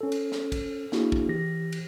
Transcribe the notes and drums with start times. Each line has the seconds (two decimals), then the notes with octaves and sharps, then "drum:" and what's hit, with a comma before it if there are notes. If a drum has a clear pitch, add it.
0.01 C#4 A4
0.12 drum: cymbal
0.32 drum: snare
0.52 drum: kick, cymbal
0.92 A#3 D4 E4 F#4 G#4, drum: snare
1.12 drum: kick
1.29 E3 G4 A#6
1.72 drum: cymbal